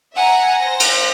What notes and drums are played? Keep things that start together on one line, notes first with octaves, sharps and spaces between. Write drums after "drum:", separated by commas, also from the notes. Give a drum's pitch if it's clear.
E5 F#5 G#5 A#5
C5 A#6
drum: cymbal